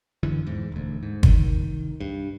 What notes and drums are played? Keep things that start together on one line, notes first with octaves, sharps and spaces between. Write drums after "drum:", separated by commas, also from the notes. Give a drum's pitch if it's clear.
G1 F#2 D3 E3
E2 G#2
E1 D2
G#2
C2 D#3, drum: kick
G2